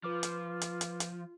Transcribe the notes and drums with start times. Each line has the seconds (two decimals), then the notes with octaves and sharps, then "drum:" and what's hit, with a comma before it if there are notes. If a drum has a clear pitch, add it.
0.03 F3 F4 B4 D6 F6
0.23 drum: hi-hat
0.62 drum: hi-hat
0.81 drum: hi-hat
1.00 drum: hi-hat